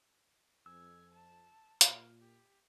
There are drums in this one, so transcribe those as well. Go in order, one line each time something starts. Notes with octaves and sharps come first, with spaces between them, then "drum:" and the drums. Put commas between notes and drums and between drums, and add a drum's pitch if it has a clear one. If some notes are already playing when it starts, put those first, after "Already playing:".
F2 G#5 E6
A5
A#2 F6, drum: hi-hat
G4